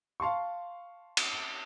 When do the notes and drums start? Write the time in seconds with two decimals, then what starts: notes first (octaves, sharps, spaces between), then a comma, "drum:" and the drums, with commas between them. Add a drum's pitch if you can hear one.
0.20 F5 A5 C6 C#6
1.17 drum: cymbal